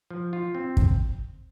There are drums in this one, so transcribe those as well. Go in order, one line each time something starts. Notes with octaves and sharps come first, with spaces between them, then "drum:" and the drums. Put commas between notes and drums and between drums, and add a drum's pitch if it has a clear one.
F3
F4
C4
drum: kick